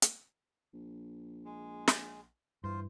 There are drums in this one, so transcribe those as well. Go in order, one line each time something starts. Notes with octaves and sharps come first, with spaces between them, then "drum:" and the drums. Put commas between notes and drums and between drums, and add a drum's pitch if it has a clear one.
drum: hi-hat
A#1
G#3
drum: snare
G2 E3 F4 C5